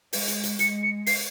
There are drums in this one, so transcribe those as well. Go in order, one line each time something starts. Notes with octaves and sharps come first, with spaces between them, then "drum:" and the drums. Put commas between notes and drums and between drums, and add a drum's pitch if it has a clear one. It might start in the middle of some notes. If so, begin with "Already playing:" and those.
G#3, drum: open hi-hat
drum: hi-hat
drum: hi-hat
G#3 C#7, drum: hi-hat
C#7
C7, drum: open hi-hat